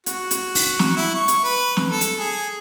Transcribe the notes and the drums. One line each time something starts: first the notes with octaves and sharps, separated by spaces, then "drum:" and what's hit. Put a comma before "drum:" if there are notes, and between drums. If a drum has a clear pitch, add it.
F#4, drum: hi-hat
drum: hi-hat
drum: open hi-hat
drum: snare
E4
C#6
drum: hi-hat
B4
drum: snare
A4
drum: hi-hat
G#4